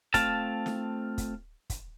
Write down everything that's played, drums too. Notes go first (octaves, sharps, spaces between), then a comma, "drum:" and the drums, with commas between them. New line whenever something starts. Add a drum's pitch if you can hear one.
A3 C4 F4 F5 A5, drum: kick, hi-hat
drum: snare
drum: kick, hi-hat
drum: kick, hi-hat